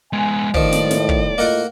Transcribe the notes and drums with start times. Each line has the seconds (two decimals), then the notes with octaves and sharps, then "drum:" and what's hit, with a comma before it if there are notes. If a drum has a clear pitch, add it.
0.13 G#3 B3 G#5
0.54 B1 A2 D#3 F3 D5, drum: kick
0.72 drum: snare
0.91 drum: snare
1.09 drum: kick
1.38 A2 A#3 F4 A#4 D#5 F#5